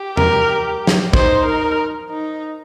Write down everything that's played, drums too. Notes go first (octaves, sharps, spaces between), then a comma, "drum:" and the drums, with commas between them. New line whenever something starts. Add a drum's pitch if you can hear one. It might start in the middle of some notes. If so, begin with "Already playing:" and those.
Already playing: G4
A#4, drum: tom
drum: snare
D#4 C5, drum: kick
A#4
D#4